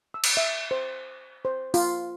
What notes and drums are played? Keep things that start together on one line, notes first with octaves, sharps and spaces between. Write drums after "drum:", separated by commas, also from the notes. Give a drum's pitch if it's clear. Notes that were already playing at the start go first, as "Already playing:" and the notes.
E6
drum: cymbal
E5
C5
C5
F4, drum: open hi-hat